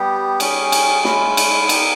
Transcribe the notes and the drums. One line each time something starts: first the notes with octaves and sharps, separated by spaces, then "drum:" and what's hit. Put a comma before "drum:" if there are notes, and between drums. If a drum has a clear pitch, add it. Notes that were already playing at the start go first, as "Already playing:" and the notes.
Already playing: G3 B3 G4
G3 C#4 G#4, drum: cymbal
drum: cymbal
G#3 C#4 E4, drum: snare
drum: cymbal
B3 G4 A#4, drum: cymbal